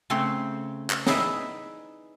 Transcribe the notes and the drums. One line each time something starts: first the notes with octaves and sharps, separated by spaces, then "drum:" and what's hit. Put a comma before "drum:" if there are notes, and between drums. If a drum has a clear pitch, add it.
C#3 A3 C4 C5 C#5
drum: clap
D#4 E4 G#4 B4 D5 E5, drum: snare